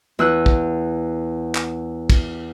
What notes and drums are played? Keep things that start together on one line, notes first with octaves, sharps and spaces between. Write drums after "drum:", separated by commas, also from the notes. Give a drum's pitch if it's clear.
E2 E6 F#6
drum: kick
drum: clap
drum: kick, cymbal